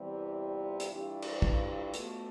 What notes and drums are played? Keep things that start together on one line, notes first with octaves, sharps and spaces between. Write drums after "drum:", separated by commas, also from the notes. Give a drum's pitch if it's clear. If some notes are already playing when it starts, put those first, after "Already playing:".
Already playing: E2 C3 E3 G3
F4
drum: hi-hat
G2 E3 G3
drum: cymbal
F4, drum: kick
B2 A3, drum: hi-hat